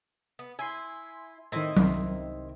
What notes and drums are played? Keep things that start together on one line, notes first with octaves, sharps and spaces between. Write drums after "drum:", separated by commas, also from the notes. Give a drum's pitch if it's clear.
B3
E4 G#5 C6
A2 D#3 C4 E4 D#5
C2 C3 D#3, drum: tom F#3